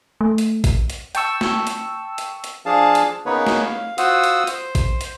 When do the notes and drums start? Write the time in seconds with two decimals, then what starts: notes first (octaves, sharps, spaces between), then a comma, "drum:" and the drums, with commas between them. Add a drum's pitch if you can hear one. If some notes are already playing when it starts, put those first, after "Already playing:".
0.21 A3
0.38 drum: hi-hat
0.64 drum: kick A1, hi-hat
0.90 drum: hi-hat
1.15 G5 A5 C#6 E6, drum: hi-hat
1.41 drum: snare
1.67 drum: hi-hat
2.18 drum: hi-hat
2.44 drum: hi-hat
2.66 F3 D4 G#4 F5 A5
2.95 drum: hi-hat
3.26 C#3 A#3 B3 D#4 B4 C#5
3.47 drum: snare
3.63 F5
3.98 F4 F#4 C5 F#5 D#6 E6, drum: hi-hat
4.24 drum: hi-hat
4.47 C5, drum: hi-hat
4.75 drum: kick A1, hi-hat
5.01 drum: hi-hat